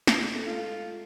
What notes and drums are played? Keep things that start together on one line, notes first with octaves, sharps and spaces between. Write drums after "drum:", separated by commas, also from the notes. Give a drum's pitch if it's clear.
drum: snare
G#2 A3
F4